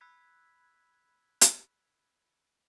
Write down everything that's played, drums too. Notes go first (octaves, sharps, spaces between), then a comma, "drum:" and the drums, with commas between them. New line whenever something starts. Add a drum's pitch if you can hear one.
B5 E6 F#6 G#6 B6
drum: hi-hat